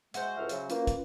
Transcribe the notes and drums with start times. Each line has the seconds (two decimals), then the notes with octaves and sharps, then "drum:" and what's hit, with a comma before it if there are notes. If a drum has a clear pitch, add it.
0.14 G#3 F#4 C5 E5, drum: hi-hat
0.37 C#2 A2 E5 F6
0.49 C#3 F#3, drum: hi-hat
0.70 A#3 C#4 F4 B4, drum: hi-hat
0.87 drum: kick, hi-hat